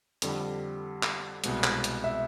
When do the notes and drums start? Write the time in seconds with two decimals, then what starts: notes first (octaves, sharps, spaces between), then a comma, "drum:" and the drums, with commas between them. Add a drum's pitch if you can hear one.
0.22 F2 D3 G3, drum: hi-hat
1.03 drum: clap
1.44 C2 B2 G#3, drum: hi-hat
1.64 drum: clap
1.84 drum: hi-hat
2.04 E5